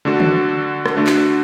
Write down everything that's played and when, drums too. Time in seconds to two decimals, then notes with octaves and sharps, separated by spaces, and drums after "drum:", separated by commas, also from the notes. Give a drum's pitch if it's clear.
0.05 D3 A3 D4 F#4 A4
0.20 drum: tom D3
0.86 drum: rim click
0.96 D3 A3 D4 F#4 A4
1.07 drum: clap